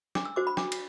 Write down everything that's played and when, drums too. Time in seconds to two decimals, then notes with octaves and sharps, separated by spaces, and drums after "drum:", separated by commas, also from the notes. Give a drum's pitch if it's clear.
0.15 D4 D6, drum: snare
0.25 E6
0.36 F#4 C5 D6
0.47 B5
0.57 D4 D6, drum: snare
0.72 drum: cymbal